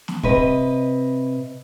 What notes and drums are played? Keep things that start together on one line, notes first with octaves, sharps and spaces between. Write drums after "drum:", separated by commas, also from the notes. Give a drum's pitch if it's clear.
drum: snare
C3 B4 D#5, drum: kick